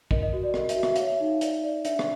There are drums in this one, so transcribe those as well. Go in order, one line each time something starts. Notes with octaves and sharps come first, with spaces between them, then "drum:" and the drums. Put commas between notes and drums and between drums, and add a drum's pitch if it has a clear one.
A#4 D#5, drum: kick
D#5
F#4 D#5
D5
A#4, drum: rim click
E5, drum: hi-hat
F#4
E5, drum: rim click
C#5 F5, drum: hi-hat
E5
D#4
D5, drum: hi-hat
D5
D4 E5, drum: hi-hat
drum: rim click